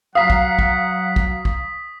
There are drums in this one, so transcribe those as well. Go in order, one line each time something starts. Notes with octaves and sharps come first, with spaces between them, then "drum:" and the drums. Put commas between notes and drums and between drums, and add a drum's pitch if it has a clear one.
F#3 F5 F#5 A#5 D#6 B6
drum: kick
drum: kick
drum: kick
drum: kick